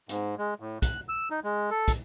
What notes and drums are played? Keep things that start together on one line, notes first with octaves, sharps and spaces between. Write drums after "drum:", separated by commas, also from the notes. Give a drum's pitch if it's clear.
G#2, drum: hi-hat
G#3
A2
F#6, drum: kick, hi-hat
E6
D#4
G#3
A4
drum: kick, hi-hat